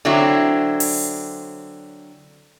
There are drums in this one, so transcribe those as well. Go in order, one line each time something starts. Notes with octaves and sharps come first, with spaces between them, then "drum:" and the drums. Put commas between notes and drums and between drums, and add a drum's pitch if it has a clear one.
D3 F#3 C4 E4
drum: open hi-hat